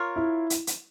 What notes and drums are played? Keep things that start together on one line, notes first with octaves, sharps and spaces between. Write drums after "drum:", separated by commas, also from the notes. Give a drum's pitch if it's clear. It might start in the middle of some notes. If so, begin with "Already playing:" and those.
Already playing: F4 A#4 C#5
E4
drum: hi-hat
drum: hi-hat